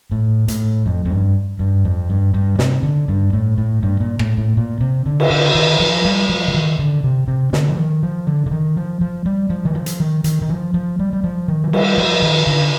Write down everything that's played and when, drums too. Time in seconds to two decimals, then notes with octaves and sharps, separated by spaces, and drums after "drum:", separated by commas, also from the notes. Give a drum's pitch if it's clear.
0.11 A2
0.48 A2, drum: hi-hat
0.86 F2
1.05 F2
1.10 G2
1.60 G2
1.85 F2
2.10 G2
2.34 G2
2.59 C3, drum: snare
2.83 D3
3.09 G2
3.33 A2
3.58 A2
3.83 G2
4.00 A#2
4.19 A2, drum: rim click
4.38 A2
4.57 A#2
4.81 C3
5.06 D3
5.20 drum: cymbal
5.30 D3
5.55 D#3
5.80 F3
6.05 G3
6.29 F3
6.48 D3
6.54 D#3
6.79 D3
7.04 C3
7.27 C3
7.53 D3, drum: snare
7.69 F3
7.77 D#3
8.03 F3
8.27 D3
8.46 D3
8.51 D#3
8.77 F3
9.01 F3
9.26 G3
9.50 F3
9.65 D#3
9.75 F3
9.86 drum: hi-hat
10.00 D#3
10.24 D#3, drum: hi-hat
10.42 D#3
10.50 F3
10.74 F3
10.99 G3
11.13 G3
11.24 F3
11.48 D#3
11.64 F3
11.73 G3, drum: cymbal
11.98 F3
12.22 D#3
12.47 D3